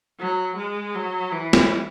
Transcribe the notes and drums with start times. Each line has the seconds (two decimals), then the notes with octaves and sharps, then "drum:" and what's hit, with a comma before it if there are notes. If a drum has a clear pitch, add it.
0.20 F#3
0.57 G#3
0.95 F#3
1.32 E3
1.53 drum: snare